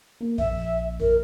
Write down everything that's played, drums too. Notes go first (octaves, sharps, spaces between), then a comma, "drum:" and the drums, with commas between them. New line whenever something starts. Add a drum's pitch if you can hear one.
A#3
A#1 E5, drum: kick A1
A#4, drum: kick A1